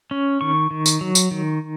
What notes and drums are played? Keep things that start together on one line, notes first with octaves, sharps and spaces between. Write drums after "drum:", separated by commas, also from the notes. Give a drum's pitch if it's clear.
C#4
D#3 C#6
D#3
drum: tambourine
F#3
drum: tambourine
D#3